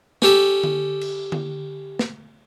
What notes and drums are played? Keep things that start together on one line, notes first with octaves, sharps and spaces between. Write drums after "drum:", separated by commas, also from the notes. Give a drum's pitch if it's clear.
C#4 G4 A4, drum: snare
drum: tom D3
drum: cymbal
drum: tom D3
drum: snare